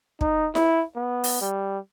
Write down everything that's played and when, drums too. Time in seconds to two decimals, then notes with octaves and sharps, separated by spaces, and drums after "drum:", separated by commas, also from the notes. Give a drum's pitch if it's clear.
0.21 D#4, drum: kick
0.55 E4, drum: snare E4
0.96 B3
1.24 drum: open hi-hat
1.41 G3